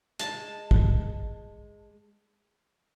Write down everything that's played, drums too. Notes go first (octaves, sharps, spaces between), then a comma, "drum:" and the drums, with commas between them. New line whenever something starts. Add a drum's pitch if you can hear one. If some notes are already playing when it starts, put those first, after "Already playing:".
G#3 A5, drum: hi-hat
drum: kick